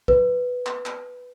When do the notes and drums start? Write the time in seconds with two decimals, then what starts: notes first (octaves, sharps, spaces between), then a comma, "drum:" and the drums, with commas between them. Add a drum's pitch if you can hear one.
0.08 B4, drum: kick
0.66 drum: clap
0.86 drum: clap